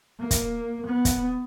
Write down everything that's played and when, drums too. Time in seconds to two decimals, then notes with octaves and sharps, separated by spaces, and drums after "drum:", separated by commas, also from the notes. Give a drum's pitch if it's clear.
0.20 A#3
0.31 drum: kick, hi-hat
0.86 B3
1.05 drum: kick, hi-hat